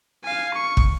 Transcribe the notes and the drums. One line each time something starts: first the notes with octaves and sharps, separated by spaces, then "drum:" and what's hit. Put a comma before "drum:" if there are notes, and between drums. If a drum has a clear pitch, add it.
F5 G#5
C#6
drum: kick